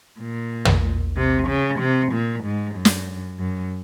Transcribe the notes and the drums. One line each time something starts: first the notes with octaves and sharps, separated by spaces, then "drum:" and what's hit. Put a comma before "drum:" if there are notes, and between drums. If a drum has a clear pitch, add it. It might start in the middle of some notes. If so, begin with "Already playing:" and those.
A#2
drum: tom
C3
C#3
C3
A#2
G#2
F#2
drum: snare
F#2